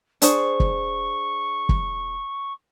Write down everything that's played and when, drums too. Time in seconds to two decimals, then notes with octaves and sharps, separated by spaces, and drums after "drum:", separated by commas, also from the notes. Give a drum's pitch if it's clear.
0.22 D4 G#4 C5 C#6, drum: hi-hat
0.60 drum: kick
1.69 drum: kick